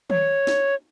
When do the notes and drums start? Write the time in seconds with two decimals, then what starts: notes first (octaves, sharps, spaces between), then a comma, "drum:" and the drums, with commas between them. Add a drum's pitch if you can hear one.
0.10 C#5, drum: tom D#3
0.47 drum: snare